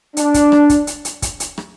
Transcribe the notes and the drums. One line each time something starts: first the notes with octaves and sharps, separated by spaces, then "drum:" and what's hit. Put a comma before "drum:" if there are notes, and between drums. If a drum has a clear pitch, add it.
D4, drum: hi-hat
drum: kick, hi-hat
drum: rim click
drum: kick, hi-hat
drum: hi-hat
drum: hi-hat
drum: kick, hi-hat
drum: hi-hat
drum: rim click